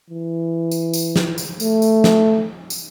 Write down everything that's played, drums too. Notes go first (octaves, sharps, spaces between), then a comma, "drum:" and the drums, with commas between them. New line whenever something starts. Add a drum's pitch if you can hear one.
E3
drum: tambourine
drum: tambourine
drum: snare
drum: tambourine
A3, drum: tambourine
drum: tambourine
drum: snare
drum: tambourine